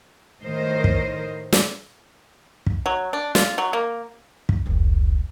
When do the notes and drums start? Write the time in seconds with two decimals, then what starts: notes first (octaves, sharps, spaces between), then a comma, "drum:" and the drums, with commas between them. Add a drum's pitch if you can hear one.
0.44 A2 D#3 A#4 C5 D#5
0.84 drum: kick
1.53 drum: snare
2.66 drum: kick
2.86 F#3
3.13 D4
3.35 F4, drum: snare
3.58 F#3
3.73 A#3
4.49 drum: kick
4.66 F1 C#2